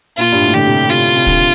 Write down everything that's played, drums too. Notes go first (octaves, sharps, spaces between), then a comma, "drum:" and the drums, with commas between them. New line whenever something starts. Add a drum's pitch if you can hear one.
A#2 F4
G2
A2
D3 G4
C3
C3 F4, drum: snare
C3
D3, drum: kick